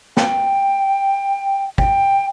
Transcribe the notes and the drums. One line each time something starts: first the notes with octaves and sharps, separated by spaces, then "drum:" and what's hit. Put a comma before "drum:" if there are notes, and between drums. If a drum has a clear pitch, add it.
G5, drum: snare
G5, drum: kick